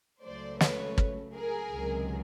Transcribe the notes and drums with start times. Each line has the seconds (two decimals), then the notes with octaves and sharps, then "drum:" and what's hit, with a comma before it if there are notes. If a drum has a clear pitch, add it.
0.24 C#2 C#3 F#3 A3 C5 D5
0.61 B4 C#5, drum: snare
0.98 drum: kick
1.34 G#4 A#4
1.72 C#2 C3 D#3 F#3